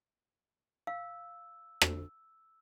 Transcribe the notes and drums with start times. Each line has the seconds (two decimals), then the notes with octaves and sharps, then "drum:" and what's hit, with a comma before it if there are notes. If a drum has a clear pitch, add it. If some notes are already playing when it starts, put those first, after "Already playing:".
0.87 F5 E6
1.81 drum: rim click